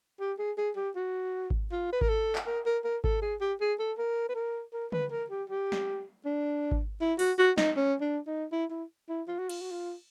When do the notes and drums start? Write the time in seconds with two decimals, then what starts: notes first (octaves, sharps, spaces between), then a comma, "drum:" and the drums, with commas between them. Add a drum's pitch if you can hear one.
0.20 G4
0.39 G#4
0.57 G#4
0.77 G4
0.95 F#4
1.50 drum: kick G#1
1.72 F4
1.92 B4
2.01 A#4, drum: kick G#1
2.09 A4
2.35 drum: clap
2.47 A#4
2.66 A#4
2.84 A#4
3.04 A4, drum: kick G#1
3.22 G#4
3.41 G4
3.61 G#4
3.80 A4
3.98 A#4
4.29 B4
4.35 A#4
4.73 A#4
4.92 B4, drum: tom
5.12 A#4
5.30 G4
5.50 G4
5.72 drum: snare
6.25 D4
6.71 drum: kick G#1
7.01 E4
7.19 F#4, drum: open hi-hat
7.38 F#4
7.58 D#4, drum: snare
7.77 C#4
8.01 D4
8.27 D#4
8.52 E4
8.70 E4
9.09 E4
9.28 F4
9.39 F#4
9.49 F4, drum: cymbal
9.61 F#4
9.71 F4